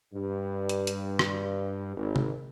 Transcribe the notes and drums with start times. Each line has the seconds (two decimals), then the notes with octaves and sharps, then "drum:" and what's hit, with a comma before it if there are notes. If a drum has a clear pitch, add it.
0.12 G2
0.69 drum: hi-hat
0.87 drum: hi-hat
1.19 drum: rim click
1.97 G#1
2.16 drum: tom C3